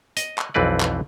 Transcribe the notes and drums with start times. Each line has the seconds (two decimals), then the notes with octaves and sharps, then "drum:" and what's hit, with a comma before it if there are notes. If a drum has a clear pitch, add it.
0.17 D#5, drum: hi-hat
0.38 drum: clap
0.54 B1 F2 E3 C4 B4 D5
0.81 drum: clap